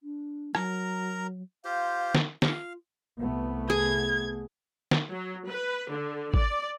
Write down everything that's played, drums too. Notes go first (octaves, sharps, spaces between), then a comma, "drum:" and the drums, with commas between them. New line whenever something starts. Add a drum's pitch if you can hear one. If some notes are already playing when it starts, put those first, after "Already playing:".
D4
F#3 A#4 A#5, drum: rim click
F4 G4 C5 F5
drum: snare
F4 F5, drum: snare
C2 A3 B3
G#4 G#6
drum: snare
F#3
B4
D3
D5, drum: kick G#1